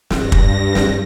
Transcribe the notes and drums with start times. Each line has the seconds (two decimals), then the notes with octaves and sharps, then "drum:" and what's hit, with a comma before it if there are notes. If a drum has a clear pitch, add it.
0.10 G2 A#6, drum: snare
0.32 drum: kick
0.75 drum: snare